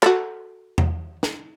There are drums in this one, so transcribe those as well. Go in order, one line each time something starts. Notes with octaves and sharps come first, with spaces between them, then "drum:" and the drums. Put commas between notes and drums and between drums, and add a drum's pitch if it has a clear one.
F#4 A4, drum: clap
drum: tom E2
drum: snare